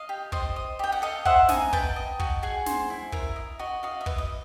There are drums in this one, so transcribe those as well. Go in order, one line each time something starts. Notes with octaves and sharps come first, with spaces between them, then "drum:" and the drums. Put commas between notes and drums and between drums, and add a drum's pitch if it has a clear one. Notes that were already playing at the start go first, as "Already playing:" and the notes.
Already playing: D#5 F5
G4
C5 D#5, drum: kick
D#5
G4 G5
F#5
A4 D#5 F5
C5 E5 F#5, drum: kick
D#5 G#5 A#5, drum: snare
B4 G5 A5, drum: kick
D#5
F#4, drum: kick
G#4 F#5 G#5
C5, drum: snare
E4
A#4 E5, drum: kick
D#5
F#4 D#5
F#4 D#5 F5
E5
B4, drum: kick
D#5